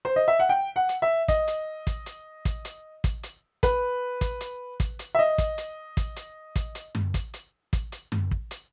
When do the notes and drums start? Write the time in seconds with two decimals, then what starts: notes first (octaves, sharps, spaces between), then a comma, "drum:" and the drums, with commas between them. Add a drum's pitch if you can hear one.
0.05 C5
0.16 D#5
0.28 E5
0.39 F#5
0.49 G5
0.76 F#5
0.89 drum: hi-hat
1.02 E5
1.28 D#5, drum: kick, hi-hat
1.48 drum: hi-hat
1.87 drum: kick, hi-hat
2.06 drum: hi-hat
2.45 drum: kick, hi-hat
2.65 drum: hi-hat
3.04 drum: kick, hi-hat
3.23 drum: hi-hat
3.63 B4, drum: kick, hi-hat
4.21 drum: kick, hi-hat
4.41 drum: hi-hat
4.80 drum: kick, hi-hat
4.99 drum: hi-hat
5.15 E5
5.19 D#5
5.38 drum: kick, hi-hat
5.58 drum: hi-hat
5.97 drum: kick, hi-hat
6.17 drum: hi-hat
6.56 drum: kick, hi-hat
6.75 drum: hi-hat
6.95 drum: tom F#2
7.14 drum: kick, hi-hat
7.34 drum: hi-hat
7.73 drum: kick, hi-hat
7.92 drum: hi-hat
8.12 drum: tom F#2
8.31 drum: kick
8.51 drum: hi-hat